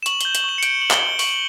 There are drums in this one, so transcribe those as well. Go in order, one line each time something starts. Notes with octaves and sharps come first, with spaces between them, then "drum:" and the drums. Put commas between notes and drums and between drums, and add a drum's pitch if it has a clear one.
E7
C#6 F#7, drum: hi-hat
G6 G7, drum: hi-hat
F#7, drum: hi-hat
C#6 E7
C#7
G6 D7, drum: hi-hat
C#6 F#7
G7, drum: clap
G6
C#6 F#7, drum: open hi-hat